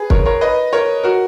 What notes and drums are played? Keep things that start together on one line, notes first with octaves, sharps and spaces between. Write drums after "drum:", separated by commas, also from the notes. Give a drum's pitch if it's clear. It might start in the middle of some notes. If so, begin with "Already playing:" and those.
Already playing: G#4 B4
A#4 C#5, drum: kick
A#4 C#5
B4 D#5
A#4 C#5
F#4 A#4